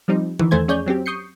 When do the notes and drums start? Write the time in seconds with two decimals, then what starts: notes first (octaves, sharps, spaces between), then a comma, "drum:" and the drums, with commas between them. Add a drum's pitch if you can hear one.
0.08 F3 G3 C4 D#4
0.39 D#3 E3, drum: tom E3
0.51 E2 D#3 A3 C5 G#5 G#6
0.68 F2 C#4 G#4 C#5 D5 G6
0.86 F#3 C4 C#4 G4
1.06 C#6 D#6 G6 C7 C#7